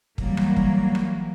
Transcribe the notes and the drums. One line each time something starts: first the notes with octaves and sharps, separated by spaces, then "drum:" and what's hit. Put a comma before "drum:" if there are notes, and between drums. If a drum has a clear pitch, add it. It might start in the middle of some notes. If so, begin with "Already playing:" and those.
E3 F#3 G3 A#3, drum: kick
drum: rim click
drum: kick
drum: rim click